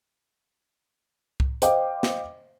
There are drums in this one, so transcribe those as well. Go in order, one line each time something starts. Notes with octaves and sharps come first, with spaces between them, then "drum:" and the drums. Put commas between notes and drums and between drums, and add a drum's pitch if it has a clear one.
drum: kick C2
C5 D#5 F5 G5 D6, drum: hi-hat
drum: snare